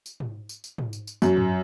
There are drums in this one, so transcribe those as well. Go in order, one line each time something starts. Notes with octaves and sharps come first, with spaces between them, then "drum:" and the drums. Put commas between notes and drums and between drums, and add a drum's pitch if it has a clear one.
drum: tambourine
drum: tom G#2
drum: tambourine
drum: tambourine
drum: tom G#2
drum: tambourine
drum: tambourine
F#2, drum: tambourine
drum: tom G2